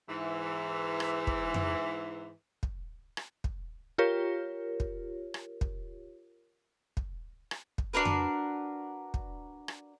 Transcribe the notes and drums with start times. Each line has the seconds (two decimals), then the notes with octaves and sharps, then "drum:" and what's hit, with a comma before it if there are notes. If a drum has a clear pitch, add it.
0.09 G#2 E3
1.00 drum: rim click
1.27 drum: kick
1.54 drum: tom F2
2.63 drum: kick
3.17 drum: rim click
3.44 drum: kick
3.98 F4 G4 A#4 C#5
4.80 drum: kick
5.34 drum: rim click
5.61 drum: kick
6.97 drum: kick
7.51 drum: rim click
7.78 drum: kick
7.93 D4 F#4 A#4 B4
8.05 drum: tom F2
9.14 drum: kick
9.68 drum: rim click